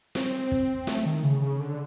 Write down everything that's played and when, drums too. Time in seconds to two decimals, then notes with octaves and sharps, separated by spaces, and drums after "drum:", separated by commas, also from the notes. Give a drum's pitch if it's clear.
0.15 C4, drum: snare
0.51 drum: kick
0.87 A3, drum: snare
1.06 D#3
1.23 C#3
1.42 C#3
1.60 D3